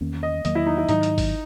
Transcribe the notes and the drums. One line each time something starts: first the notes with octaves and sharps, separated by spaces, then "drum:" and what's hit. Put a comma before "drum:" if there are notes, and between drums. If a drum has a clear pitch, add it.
E2 D#3 A#3 C#4
D#5
E2 D#3 F#3 A#3 D#5, drum: hi-hat
E4
D#4
E4
G#2 D#3 F#3 D#4, drum: hi-hat
drum: hi-hat
drum: kick G#1, open hi-hat